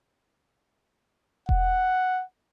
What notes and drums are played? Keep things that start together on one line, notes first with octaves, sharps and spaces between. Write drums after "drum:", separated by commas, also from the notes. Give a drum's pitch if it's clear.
F#5, drum: kick E1